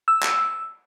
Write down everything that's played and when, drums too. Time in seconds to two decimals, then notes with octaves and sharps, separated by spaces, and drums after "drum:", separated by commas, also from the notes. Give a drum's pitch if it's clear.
0.08 E6
0.23 drum: clap